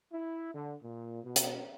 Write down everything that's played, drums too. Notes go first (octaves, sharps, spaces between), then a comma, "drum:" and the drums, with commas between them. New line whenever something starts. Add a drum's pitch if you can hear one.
E4
D3
A#2
B2
drum: hi-hat